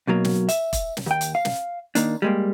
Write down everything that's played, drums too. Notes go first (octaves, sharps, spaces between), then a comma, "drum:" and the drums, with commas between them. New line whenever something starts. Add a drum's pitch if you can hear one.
B1 B2 F#3 A#3
drum: snare
E5, drum: hi-hat
drum: kick E1, hi-hat
drum: snare
D#2 G5
drum: hi-hat
F5
drum: snare
D#3 A#3 D4, drum: hi-hat
G3 G#3 A#3